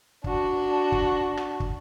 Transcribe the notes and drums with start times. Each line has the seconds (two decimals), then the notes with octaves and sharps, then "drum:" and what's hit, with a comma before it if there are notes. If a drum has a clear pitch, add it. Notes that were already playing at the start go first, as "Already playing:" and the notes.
0.24 D4 F#4, drum: kick
0.92 drum: kick
1.37 drum: rim click
1.60 drum: kick